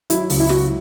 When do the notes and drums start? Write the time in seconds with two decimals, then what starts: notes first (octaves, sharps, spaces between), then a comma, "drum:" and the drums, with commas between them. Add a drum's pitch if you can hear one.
0.10 F#3 E4, drum: hi-hat
0.30 C#2, drum: open hi-hat
0.40 E4
0.49 F#3 F#4, drum: snare